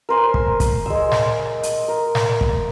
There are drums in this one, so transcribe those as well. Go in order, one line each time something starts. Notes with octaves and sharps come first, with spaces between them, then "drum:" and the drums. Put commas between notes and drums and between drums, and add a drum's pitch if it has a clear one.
A#4 C5 G#5
drum: kick
drum: kick, hi-hat
G#3 E6
drum: snare
drum: hi-hat
A#4
drum: snare
drum: kick